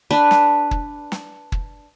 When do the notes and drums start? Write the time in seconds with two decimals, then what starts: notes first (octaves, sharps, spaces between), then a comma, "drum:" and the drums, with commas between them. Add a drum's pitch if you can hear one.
0.11 D4 B4
0.31 drum: snare
0.71 drum: kick
1.12 drum: snare
1.52 drum: kick